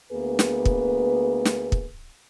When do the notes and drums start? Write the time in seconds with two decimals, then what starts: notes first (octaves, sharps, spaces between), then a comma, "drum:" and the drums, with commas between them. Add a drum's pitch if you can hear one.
0.12 D2 A#3 B3 G#4 B4
0.39 drum: snare
0.65 drum: kick
1.45 drum: snare
1.72 drum: kick